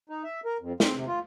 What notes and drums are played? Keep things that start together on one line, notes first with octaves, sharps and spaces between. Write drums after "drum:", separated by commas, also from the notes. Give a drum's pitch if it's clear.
D#4
E5
A#4
F2
C4, drum: snare
C3
F4